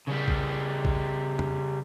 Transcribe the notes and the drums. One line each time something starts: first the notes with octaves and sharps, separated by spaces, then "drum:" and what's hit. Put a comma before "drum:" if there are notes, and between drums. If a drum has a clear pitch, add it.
C#3 G3
drum: kick
drum: kick
drum: tom F2